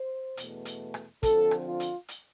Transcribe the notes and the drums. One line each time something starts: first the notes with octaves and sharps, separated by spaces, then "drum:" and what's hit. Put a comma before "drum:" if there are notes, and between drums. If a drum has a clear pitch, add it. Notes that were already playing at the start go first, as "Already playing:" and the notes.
Already playing: C5
E2 B2 A3, drum: hi-hat
drum: hi-hat
drum: rim click
D3 F3 C4 A4, drum: kick, hi-hat
drum: rim click
F4
drum: hi-hat
drum: hi-hat